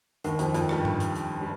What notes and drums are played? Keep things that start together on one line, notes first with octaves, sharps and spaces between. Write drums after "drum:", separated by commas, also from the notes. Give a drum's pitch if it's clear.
D#2 D#3, drum: hi-hat
F2 F3, drum: hi-hat
F2 F3, drum: hi-hat
G2 G3, drum: rim click
drum: tom G2
drum: hi-hat
drum: hi-hat
G3